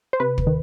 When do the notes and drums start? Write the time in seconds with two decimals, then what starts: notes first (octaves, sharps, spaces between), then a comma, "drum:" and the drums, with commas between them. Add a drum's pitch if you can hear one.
0.13 C5
0.20 C3 B4
0.38 drum: kick
0.47 D#3